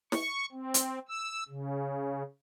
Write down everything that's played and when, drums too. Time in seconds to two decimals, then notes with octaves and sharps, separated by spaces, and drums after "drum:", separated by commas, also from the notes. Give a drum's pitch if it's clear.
0.12 C#6, drum: snare
0.52 C4
0.74 drum: hi-hat
1.09 E6
1.48 C#3